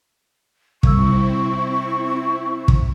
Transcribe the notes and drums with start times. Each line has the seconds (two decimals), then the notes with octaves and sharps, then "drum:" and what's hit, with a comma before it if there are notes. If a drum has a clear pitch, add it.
0.83 C3 G3 C4 E4 C#6 E6, drum: kick
2.68 drum: kick